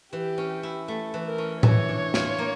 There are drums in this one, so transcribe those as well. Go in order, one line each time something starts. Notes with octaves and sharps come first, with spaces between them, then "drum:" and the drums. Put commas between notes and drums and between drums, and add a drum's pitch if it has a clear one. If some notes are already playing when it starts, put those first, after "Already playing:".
E3 G4
C#4
E4
A3 A4
E3
A#4
C#4
E3 C#5, drum: tom A2
D4
F4, drum: snare
A#3